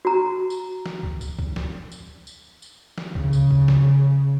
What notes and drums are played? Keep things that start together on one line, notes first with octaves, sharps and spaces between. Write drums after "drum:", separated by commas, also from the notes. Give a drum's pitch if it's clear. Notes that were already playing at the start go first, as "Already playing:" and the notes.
F#4 A#5
drum: tambourine
drum: snare
drum: kick
drum: tambourine
drum: kick
drum: snare
drum: tambourine
drum: tambourine
drum: tambourine
drum: snare
C#3, drum: kick
drum: tambourine
drum: kick
drum: snare